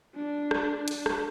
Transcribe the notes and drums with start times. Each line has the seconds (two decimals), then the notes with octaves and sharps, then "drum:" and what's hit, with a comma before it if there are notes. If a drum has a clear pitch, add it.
0.15 D4
0.51 drum: rim click
0.88 drum: hi-hat
1.06 drum: rim click